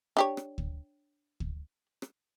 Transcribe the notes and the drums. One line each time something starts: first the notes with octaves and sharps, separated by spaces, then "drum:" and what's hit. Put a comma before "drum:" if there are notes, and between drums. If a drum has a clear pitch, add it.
D4 G4 C#5
drum: rim click
drum: kick
drum: kick
drum: rim click